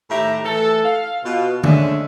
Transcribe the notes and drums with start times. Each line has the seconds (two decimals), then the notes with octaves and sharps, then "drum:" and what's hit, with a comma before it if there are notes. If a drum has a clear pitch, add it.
0.11 A2 D#3 G4 E5 A#5
0.44 E3 A3 A4
0.84 F5
1.24 B2 F4
1.64 D3 G#3 C#4 D4 E5, drum: tom D3